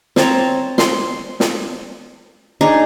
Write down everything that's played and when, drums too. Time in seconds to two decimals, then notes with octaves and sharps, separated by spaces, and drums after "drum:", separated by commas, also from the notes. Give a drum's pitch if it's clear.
0.16 C4 C#5 A5 A#5, drum: snare
0.78 C6, drum: snare
1.40 drum: snare
2.61 D4 D#4 G#4 C#6